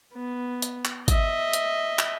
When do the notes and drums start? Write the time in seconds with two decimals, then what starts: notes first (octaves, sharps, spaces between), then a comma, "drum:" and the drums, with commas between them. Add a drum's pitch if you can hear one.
0.14 B3
0.62 drum: hi-hat
0.85 drum: clap
1.08 D#5 E5, drum: kick, hi-hat
1.53 drum: hi-hat
1.99 drum: clap